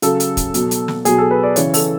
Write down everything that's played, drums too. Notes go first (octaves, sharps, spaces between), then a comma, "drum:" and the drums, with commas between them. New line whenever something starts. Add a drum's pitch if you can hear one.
C#3 F#3 A4, drum: hi-hat
drum: hi-hat
drum: kick, hi-hat
B2 F#3, drum: hi-hat
drum: hi-hat
drum: snare
B2 F#3 G#4, drum: hi-hat
A4
B4
D5
C#3 E3 C#5, drum: hi-hat
A4, drum: open hi-hat